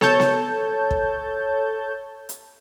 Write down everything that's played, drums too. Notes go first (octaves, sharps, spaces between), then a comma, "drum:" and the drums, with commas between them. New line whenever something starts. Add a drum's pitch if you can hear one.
A4 C#5 A5 G6, drum: snare
drum: snare
drum: kick
drum: hi-hat